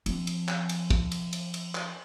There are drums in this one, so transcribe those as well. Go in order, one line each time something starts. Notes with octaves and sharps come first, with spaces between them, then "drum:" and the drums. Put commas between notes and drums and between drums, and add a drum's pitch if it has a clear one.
F3 C4, drum: cymbal
drum: cymbal
drum: clap
drum: cymbal
drum: kick
drum: cymbal
drum: cymbal
drum: cymbal
drum: clap